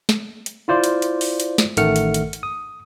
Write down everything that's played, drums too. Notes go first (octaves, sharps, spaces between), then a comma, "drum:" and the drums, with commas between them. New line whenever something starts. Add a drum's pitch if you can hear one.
drum: snare
drum: hi-hat
E4 F4 C5 D5
drum: hi-hat
drum: hi-hat
drum: open hi-hat
drum: hi-hat
drum: snare
A1 D#3 A3 F#5 F6 C#7, drum: hi-hat
drum: hi-hat
drum: hi-hat
drum: hi-hat
D#6